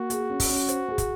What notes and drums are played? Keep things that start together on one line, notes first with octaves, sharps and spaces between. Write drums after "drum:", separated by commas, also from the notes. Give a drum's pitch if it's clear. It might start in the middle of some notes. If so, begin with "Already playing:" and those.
Already playing: A#3 F#4
G#4, drum: hi-hat
C#4
drum: kick, open hi-hat
C#4
C5, drum: hi-hat
G#4
drum: kick, hi-hat